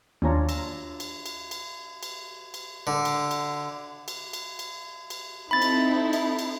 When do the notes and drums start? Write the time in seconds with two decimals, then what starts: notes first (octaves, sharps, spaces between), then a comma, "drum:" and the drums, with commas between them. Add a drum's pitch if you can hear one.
0.22 D#2 D4 F4 C#5 G#5 A#5
0.49 E6 A#6, drum: cymbal
1.00 drum: cymbal
1.26 drum: cymbal
1.51 drum: cymbal
2.03 drum: cymbal
2.54 drum: cymbal
2.87 D3
3.05 drum: cymbal
3.31 drum: cymbal
4.08 drum: cymbal
4.33 drum: cymbal
4.59 drum: cymbal
5.10 drum: cymbal
5.51 C4 D#4 E4 A4 B5 A6
5.62 drum: cymbal
6.13 drum: cymbal
6.39 drum: cymbal